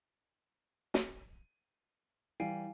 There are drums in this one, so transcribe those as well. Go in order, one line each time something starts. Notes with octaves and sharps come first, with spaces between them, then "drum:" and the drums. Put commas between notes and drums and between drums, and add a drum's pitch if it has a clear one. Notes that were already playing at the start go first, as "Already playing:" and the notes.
D#7, drum: snare
E3 G3 F5 G5 G#5